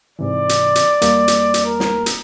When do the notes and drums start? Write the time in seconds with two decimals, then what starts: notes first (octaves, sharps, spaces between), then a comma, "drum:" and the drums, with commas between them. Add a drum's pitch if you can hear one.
0.19 G#2 C3 E3 D5
0.49 drum: hi-hat
0.75 drum: hi-hat
1.02 E2 G3 A#3, drum: hi-hat
1.28 drum: hi-hat
1.54 drum: hi-hat
1.65 A#4
1.80 drum: snare
2.06 drum: hi-hat